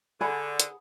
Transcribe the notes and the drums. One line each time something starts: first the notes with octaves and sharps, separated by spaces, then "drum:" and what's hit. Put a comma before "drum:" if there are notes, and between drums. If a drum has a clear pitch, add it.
D3 G#4 F#5 B5
drum: hi-hat